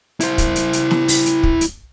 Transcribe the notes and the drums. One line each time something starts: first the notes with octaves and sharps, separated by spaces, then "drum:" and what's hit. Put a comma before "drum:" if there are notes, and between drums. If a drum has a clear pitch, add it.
E4 C5, drum: hi-hat
drum: kick, hi-hat
drum: hi-hat
drum: hi-hat
drum: snare
drum: open hi-hat
drum: hi-hat
drum: kick
drum: hi-hat